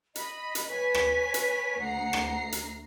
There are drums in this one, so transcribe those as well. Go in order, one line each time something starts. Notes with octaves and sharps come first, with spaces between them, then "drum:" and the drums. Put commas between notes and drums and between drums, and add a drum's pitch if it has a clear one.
D#5 B5, drum: hi-hat
drum: hi-hat
B4 C#5 G#5 B6
drum: rim click
drum: hi-hat
D2 F#5 A#5 C7
drum: rim click
drum: hi-hat